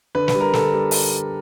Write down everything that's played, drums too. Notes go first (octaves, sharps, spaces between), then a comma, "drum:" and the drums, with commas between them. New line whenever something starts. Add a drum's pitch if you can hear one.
D3 B4
B4, drum: snare
G3
A#4
D3 A4, drum: snare
G3
drum: open hi-hat